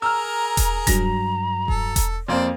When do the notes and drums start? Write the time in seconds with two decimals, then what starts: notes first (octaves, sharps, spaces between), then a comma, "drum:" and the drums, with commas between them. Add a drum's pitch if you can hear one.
0.02 G#4 A#4 A#5 E6 F6
0.57 drum: kick E1, hi-hat
0.87 G2 F#3 A#5 A#6, drum: kick E1, hi-hat
1.68 A4, drum: kick E1
1.96 drum: kick E1, hi-hat
2.28 F2 A#3 C4 C5 D5